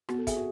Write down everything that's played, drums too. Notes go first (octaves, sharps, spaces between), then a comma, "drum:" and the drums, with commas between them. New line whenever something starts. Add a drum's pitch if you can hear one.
B3 F#4, drum: rim click
A4
G#4 E5, drum: kick, hi-hat
F#4